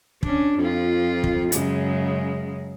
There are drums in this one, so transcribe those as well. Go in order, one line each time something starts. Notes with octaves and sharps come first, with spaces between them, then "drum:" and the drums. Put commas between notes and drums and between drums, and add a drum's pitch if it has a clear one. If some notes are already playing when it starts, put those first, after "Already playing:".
C#4 D4, drum: kick
F2 F4
drum: kick
F#2 C#3 G#3, drum: hi-hat